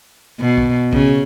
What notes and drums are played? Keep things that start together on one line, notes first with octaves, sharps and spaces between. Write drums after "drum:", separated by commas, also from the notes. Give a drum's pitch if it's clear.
B2
drum: kick
C#3, drum: kick